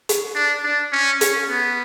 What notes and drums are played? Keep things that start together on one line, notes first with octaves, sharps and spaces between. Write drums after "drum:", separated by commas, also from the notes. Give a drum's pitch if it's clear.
drum: hi-hat
D4
D4
C#4
C#4, drum: hi-hat
B3